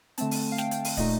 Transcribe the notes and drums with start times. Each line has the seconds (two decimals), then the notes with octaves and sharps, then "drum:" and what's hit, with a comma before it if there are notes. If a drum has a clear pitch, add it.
0.18 D3 A3 C4 A5, drum: hi-hat
0.31 drum: open hi-hat
0.52 F5
0.58 G5, drum: snare
0.71 drum: hi-hat
0.85 drum: open hi-hat
0.97 A#2 A3 D#4 D#5, drum: kick, hi-hat